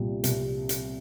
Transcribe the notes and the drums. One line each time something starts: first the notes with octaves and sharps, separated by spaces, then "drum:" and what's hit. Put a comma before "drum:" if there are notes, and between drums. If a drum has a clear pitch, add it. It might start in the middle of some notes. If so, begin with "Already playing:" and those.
Already playing: C2 A#2 G3
C2, drum: hi-hat
drum: hi-hat